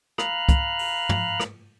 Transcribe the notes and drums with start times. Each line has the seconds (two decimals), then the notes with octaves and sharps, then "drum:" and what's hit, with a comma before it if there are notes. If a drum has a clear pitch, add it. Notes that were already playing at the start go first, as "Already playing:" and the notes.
0.18 F5 A#5 B5 F6 F#6, drum: rim click
0.49 drum: kick, hi-hat
0.79 drum: open hi-hat
1.09 drum: tom
1.40 drum: rim click